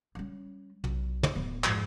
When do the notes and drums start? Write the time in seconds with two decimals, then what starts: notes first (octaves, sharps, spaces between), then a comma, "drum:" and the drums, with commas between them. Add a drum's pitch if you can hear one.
0.15 G3 C#4
0.84 B1, drum: tom
1.23 drum: tom
1.35 D1 B3
1.64 F2 G#2, drum: clap